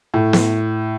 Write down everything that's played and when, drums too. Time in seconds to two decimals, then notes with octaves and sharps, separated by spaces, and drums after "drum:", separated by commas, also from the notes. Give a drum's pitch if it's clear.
0.14 A2
0.33 drum: snare